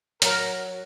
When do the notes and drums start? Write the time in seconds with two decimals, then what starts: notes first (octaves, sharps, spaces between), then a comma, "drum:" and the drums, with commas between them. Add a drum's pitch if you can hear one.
0.22 F#3 A#4, drum: hi-hat